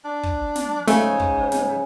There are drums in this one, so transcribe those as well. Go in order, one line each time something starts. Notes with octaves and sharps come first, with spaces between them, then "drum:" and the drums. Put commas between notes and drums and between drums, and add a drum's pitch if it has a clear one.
D4
drum: kick
drum: snare
G#2 C#3 A3, drum: snare
drum: kick
drum: snare